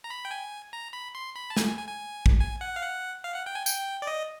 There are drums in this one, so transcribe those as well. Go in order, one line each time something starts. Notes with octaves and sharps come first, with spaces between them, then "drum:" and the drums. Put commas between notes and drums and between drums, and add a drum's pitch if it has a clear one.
A#5
B5
G5
G#5
A#5
B5
C6
B5
A5
G#5, drum: snare
G#5
G#5
G#5
drum: kick
G#5
F#5
F5
F#5
F5
F#5
G5
G#5
G5, drum: tambourine
D5
D#5